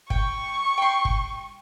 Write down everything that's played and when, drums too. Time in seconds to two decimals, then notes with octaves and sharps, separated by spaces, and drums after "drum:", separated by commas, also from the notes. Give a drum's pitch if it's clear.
0.10 G5 C#6, drum: kick
0.78 G5 C6
1.05 drum: kick